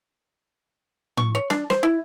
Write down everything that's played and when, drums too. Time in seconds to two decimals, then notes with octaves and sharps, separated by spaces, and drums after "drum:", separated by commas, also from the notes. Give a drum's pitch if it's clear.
1.17 C#6, drum: tom A2
1.35 C#5
1.50 D4, drum: snare
1.70 C5, drum: snare
1.83 E4